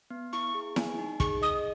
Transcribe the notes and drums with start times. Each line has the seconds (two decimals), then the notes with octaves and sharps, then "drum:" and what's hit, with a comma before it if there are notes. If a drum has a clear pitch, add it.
0.10 B3
0.33 E4 C#6
0.55 G#4
0.76 G#5, drum: snare E4
0.98 D#4
1.20 G#4 C#6, drum: kick
1.42 D#5 D#6